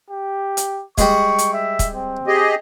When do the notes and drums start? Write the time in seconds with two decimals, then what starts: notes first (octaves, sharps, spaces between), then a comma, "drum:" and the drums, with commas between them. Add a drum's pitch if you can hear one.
0.10 G4
0.57 drum: hi-hat
0.98 G3 G#3 C#6, drum: kick, hi-hat
1.38 drum: hi-hat
1.53 E5
1.79 drum: kick, hi-hat
1.95 C4
2.27 G4 G#4 D#5